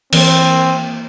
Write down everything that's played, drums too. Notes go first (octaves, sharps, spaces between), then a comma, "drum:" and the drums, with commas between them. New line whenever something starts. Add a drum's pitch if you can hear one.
E3 A#3 C4, drum: cymbal